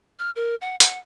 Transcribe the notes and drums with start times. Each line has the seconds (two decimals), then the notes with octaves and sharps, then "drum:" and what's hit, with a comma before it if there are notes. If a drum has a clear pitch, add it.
0.19 F6
0.36 A#4
0.61 F#5
0.80 F#5, drum: hi-hat